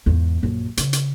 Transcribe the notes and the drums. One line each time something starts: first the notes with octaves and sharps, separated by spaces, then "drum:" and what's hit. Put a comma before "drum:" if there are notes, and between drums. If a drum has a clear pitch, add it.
E2 G#2
A#1 F#2
C#3, drum: hi-hat
drum: hi-hat